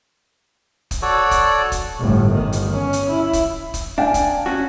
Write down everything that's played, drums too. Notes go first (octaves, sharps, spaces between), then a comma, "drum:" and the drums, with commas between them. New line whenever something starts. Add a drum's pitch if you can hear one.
drum: kick, hi-hat
F#4 A4 C#5 D5
drum: kick, hi-hat
drum: kick, hi-hat
G1 A2
G1 D#3
drum: hi-hat
C#4
drum: hi-hat
E4
drum: kick, hi-hat
drum: kick, hi-hat
D4 F5 G5 G#5
drum: kick, hi-hat
C#4 F#4